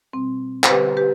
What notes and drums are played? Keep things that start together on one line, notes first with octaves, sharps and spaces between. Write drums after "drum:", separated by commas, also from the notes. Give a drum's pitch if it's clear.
B2 G3 C4
C5, drum: clap
D3 G3 G4 B4
G4 B4